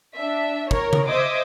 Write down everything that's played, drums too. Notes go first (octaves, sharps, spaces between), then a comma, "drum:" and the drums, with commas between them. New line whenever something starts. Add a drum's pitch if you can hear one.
D4 E5
A#4 C#5, drum: kick
drum: tom C#3
C5 D#5 E5 D6 D#6 G#6